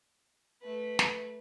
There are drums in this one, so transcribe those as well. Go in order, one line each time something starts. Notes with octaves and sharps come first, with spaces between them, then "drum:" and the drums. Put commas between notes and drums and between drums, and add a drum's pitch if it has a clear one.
A3 B4
drum: snare